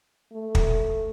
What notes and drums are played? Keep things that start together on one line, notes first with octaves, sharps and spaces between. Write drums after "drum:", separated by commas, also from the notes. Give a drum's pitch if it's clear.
A3
drum: kick